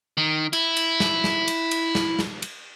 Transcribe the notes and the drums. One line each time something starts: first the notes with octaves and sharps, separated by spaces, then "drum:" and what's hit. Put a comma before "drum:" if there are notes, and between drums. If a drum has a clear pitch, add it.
D#3
E4, drum: cymbal
drum: cymbal
drum: snare
drum: snare
drum: cymbal
drum: cymbal
drum: snare
drum: snare
drum: cymbal